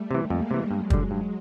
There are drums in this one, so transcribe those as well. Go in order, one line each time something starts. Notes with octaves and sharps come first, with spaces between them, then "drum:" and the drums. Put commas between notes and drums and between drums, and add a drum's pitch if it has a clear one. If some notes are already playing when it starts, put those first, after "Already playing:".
Already playing: G3 A3
C3 E3
F2 G#3 A#3
C3 E3
G2 F#3 G#3
D3 G3, drum: kick
G2